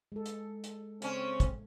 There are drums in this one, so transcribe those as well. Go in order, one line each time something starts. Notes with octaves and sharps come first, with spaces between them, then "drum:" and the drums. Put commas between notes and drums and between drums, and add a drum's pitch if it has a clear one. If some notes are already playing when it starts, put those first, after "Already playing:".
G#3 A4
drum: hi-hat
drum: hi-hat
C#3 C4 C#4, drum: hi-hat
drum: kick, hi-hat